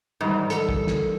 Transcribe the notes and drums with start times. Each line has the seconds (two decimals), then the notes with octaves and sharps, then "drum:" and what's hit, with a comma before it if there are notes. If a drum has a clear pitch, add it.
0.21 G#2 D#3 E3 G3
0.50 A4, drum: hi-hat
0.69 drum: kick
0.87 drum: snare